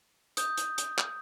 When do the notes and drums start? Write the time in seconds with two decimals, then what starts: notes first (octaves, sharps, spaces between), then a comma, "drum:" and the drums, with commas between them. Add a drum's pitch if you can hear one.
0.37 D#6 G6, drum: hi-hat
0.57 drum: hi-hat
0.78 drum: hi-hat
0.98 drum: clap